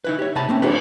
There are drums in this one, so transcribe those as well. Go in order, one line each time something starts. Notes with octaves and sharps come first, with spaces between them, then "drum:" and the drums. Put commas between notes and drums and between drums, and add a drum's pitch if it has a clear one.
D#4 E4 B4
G4 C#5
C3 E5 A5 B5
A#3 C4 C#4
D4 F#4 B4, drum: cymbal